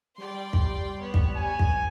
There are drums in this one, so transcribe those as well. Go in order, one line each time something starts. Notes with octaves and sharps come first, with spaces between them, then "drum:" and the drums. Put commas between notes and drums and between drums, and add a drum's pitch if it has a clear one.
G3 D5 G5 C6
drum: kick
B3 C#5
drum: kick
G#5
drum: kick